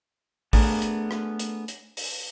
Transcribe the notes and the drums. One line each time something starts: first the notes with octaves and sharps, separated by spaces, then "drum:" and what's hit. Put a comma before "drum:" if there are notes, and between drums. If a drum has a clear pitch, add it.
A3 B3 D4 G#4 A#4, drum: kick A1, open hi-hat
drum: hi-hat
drum: rim click
drum: hi-hat
drum: hi-hat
drum: open hi-hat